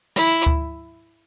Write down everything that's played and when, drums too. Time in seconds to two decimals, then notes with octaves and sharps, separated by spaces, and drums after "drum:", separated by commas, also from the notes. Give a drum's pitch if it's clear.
0.16 E4, drum: rim click
0.47 drum: kick D2